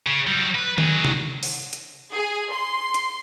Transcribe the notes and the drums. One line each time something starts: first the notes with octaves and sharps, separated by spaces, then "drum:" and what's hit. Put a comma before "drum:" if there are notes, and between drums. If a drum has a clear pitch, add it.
C#3
F#3 G3
B4
F#3 G#4, drum: tom D#3
drum: tom C3
drum: open hi-hat
drum: hi-hat
G#4
C6
drum: hi-hat